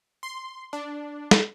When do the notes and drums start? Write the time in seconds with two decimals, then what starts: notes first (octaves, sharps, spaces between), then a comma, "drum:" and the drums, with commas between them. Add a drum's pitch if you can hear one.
0.23 C6
0.73 D4
1.31 drum: snare